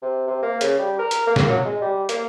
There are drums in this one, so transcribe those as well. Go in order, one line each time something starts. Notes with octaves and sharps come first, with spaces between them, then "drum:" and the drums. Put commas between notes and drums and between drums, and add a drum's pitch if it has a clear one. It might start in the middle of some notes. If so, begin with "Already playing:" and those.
C3
C3
A#3
C#3, drum: hi-hat
G3
A#4
drum: hi-hat
A#3
drum: snare
F#3
G#3
G3
A#3, drum: hi-hat